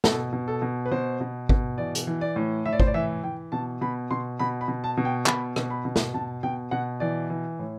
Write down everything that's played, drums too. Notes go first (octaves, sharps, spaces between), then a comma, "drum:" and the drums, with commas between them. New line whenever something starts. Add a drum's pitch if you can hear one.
B2 A4, drum: snare
B2
A4
B2
B4
B2 C5
B2
B2, drum: kick G#1
E3 D5
drum: hi-hat
E3
D5
A2
A2 E5
D5
C5, drum: kick G#1
D5
E3 E5
E3 G5
B2 A5
B2 B5
B2 C6
B2 B5
B5
B2
A5
B2
G5
B2 B5, drum: clap
B2, drum: rim click
B5
B2
drum: snare
B2 A5
B2 G5
B2 F#5
E3 D5
E3
A2